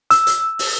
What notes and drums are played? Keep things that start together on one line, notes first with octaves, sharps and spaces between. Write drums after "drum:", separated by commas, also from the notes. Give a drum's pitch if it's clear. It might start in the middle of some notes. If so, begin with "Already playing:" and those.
E6, drum: hi-hat
drum: hi-hat
drum: open hi-hat